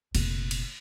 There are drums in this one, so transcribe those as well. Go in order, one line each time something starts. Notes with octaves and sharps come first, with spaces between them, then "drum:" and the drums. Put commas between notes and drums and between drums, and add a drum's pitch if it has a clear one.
F1 A#2, drum: cymbal
drum: cymbal